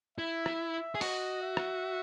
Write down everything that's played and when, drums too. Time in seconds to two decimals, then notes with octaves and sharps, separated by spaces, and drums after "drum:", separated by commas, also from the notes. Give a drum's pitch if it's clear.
0.18 E4 E5
0.46 drum: rim click
0.95 G#4
1.01 F#4 D#5, drum: open hi-hat
1.43 E5
1.57 drum: rim click